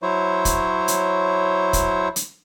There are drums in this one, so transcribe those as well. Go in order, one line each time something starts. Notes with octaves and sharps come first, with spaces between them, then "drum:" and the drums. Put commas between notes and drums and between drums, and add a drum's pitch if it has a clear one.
F#3 E4 C5 C#5
drum: kick, hi-hat
drum: hi-hat
drum: kick, hi-hat
drum: hi-hat